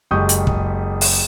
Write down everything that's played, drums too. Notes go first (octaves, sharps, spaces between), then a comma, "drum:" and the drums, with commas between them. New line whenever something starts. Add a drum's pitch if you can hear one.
F#1 G#3 G4 C#6 D#6 G6
drum: hi-hat
drum: kick
drum: open hi-hat